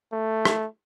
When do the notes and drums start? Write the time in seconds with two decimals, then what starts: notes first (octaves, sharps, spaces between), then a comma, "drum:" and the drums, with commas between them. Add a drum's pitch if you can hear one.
0.12 A3
0.45 drum: rim click